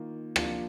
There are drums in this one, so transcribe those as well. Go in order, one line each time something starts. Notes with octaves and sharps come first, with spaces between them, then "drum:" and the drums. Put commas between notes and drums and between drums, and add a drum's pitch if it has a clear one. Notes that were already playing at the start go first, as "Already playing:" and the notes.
Already playing: D#3 A#3 F4
F3 A#3 D4 F4, drum: rim click